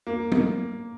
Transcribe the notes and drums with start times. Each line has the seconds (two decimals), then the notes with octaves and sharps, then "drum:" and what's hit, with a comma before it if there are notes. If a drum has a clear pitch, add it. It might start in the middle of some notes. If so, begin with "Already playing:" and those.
0.07 A#3
0.32 drum: tom